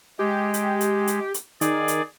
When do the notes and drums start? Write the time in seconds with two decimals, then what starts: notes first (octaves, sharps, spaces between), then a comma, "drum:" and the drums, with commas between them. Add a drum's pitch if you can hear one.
0.19 G#3 G4
0.54 drum: hi-hat
0.81 drum: hi-hat
1.07 drum: hi-hat
1.34 drum: hi-hat
1.61 D#3 G#4 D5, drum: hi-hat
1.88 drum: hi-hat